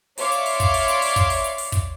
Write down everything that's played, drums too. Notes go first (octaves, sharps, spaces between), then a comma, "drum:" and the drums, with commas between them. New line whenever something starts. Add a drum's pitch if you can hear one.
C#5 D5 E5 F5 C6 D6, drum: open hi-hat
drum: hi-hat
drum: open hi-hat
drum: kick, hi-hat
drum: open hi-hat
drum: hi-hat
drum: open hi-hat
drum: kick, hi-hat
drum: open hi-hat
drum: hi-hat
drum: open hi-hat
drum: kick, hi-hat